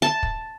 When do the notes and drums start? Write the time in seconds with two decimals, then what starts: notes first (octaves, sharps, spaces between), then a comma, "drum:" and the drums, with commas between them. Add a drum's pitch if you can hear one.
0.02 A5
0.23 drum: kick